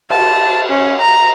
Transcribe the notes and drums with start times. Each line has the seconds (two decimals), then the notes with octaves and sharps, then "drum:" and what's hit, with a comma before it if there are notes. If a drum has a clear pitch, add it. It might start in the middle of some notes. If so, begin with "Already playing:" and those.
0.10 A5, drum: cymbal
0.69 C#4
1.01 A#5